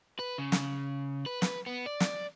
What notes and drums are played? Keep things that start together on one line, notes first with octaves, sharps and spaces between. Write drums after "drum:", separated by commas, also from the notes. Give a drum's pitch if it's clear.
B4
C#3
drum: snare
B4
B4, drum: snare
B3
D5
drum: snare